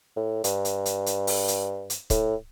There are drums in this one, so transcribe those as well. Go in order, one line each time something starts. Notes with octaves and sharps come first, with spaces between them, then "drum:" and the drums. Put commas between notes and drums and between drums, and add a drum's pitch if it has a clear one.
A2
G2, drum: hi-hat
drum: hi-hat
drum: hi-hat
drum: hi-hat
drum: open hi-hat
drum: hi-hat
drum: hi-hat
A2, drum: kick, hi-hat